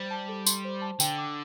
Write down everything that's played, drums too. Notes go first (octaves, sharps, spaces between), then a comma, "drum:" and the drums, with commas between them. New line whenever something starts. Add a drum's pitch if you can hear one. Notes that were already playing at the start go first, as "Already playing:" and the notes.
Already playing: G3 C5
A5
A4
C6, drum: tambourine
C5
A5
D3 G5, drum: tambourine
D6